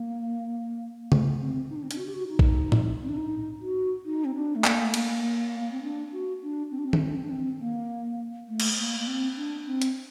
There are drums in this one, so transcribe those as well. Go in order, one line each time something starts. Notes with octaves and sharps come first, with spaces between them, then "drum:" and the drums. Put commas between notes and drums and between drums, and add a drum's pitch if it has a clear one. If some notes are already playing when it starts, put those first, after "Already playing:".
Already playing: A#3
drum: tom C#3
C4
D#4
D4
C4
D4, drum: hi-hat
F#4
G4
F#4
D#4
drum: kick
drum: tom A2
C4
D4
D#4
F#4
D#4
C4
D4
A3
A#3, drum: clap
A3
A#3, drum: cymbal
A#3
C4
D4
F#4
D4
C4
D4
C4
D4, drum: tom D#3
C4
D4
C4
D4
C4
A#3
A3
drum: cymbal
A#3
A#3
C4
D4
C4
drum: hi-hat